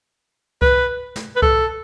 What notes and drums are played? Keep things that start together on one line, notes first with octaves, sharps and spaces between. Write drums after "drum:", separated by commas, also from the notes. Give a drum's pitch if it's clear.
B4, drum: kick C2
drum: snare
B4
A4, drum: kick C2